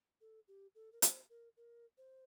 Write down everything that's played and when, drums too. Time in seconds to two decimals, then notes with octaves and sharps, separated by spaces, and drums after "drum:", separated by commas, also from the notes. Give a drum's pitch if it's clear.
0.21 A4
0.48 G4
0.75 A4
0.92 A#4
1.02 C5, drum: hi-hat
1.30 A#4
1.57 A#4
1.98 C5